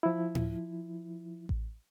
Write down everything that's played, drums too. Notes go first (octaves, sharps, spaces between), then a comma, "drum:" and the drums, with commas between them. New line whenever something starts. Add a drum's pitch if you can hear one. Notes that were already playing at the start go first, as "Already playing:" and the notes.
F3 E4
drum: tom A2
drum: kick A1